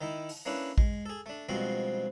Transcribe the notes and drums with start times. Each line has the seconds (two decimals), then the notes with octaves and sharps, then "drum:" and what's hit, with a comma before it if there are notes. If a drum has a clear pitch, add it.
0.01 D#3 D#4 E4
0.29 drum: open hi-hat
0.46 A#3 C#4 D4 E4 B4
0.78 G#3, drum: kick A1
1.06 G#4 A4
1.26 A3 D4
1.49 G2 B2 F3 G#3 C4 F#4